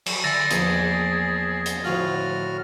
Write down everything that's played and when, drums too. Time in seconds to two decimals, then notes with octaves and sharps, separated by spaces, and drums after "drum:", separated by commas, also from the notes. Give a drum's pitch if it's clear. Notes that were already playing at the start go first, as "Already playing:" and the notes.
0.06 F#3, drum: cymbal
0.24 D3 E5 A6 A#6
0.51 A#1 E2 D#4 G#4, drum: hi-hat
1.66 drum: hi-hat
1.84 D2 A2 F3 F#4 F6